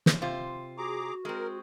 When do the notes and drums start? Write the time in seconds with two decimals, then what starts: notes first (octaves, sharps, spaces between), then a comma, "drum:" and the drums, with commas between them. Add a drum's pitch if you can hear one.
0.06 drum: snare
0.22 C3 F4 C5
0.78 F#4 G#4 A#5 D6
1.25 G#3 C4 A#4